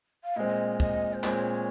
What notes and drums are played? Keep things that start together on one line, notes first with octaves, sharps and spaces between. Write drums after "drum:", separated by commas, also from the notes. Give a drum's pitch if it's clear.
F5
A#2 G#3 C4 D#5
D#5, drum: kick
C5
A#2 G#3 C4 C#5, drum: clap